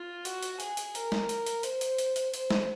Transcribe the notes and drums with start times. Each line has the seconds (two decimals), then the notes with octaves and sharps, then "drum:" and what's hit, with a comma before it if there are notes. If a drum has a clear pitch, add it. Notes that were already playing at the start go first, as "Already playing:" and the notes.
Already playing: F4
0.25 F#4, drum: hi-hat
0.43 drum: hi-hat
0.60 G#4, drum: hi-hat
0.77 drum: hi-hat
0.95 A#4, drum: hi-hat
1.12 drum: snare
1.29 drum: hi-hat
1.46 drum: hi-hat
1.63 C5, drum: hi-hat
1.81 drum: hi-hat
1.98 drum: hi-hat
2.16 drum: hi-hat
2.34 C5, drum: hi-hat
2.50 drum: snare